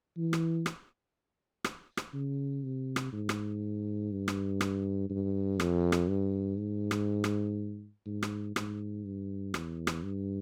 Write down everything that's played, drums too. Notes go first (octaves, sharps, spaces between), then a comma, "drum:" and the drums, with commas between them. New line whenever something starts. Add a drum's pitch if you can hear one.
E3
drum: rim click
drum: rim click
drum: rim click
drum: rim click
C#3
C3
drum: rim click
G#2
drum: rim click
G2
drum: rim click
drum: rim click
G2
F2, drum: rim click
drum: rim click
G2
G#2
drum: rim click
drum: rim click
G#2
drum: rim click
G#2, drum: rim click
G2
E2, drum: rim click
drum: rim click
G2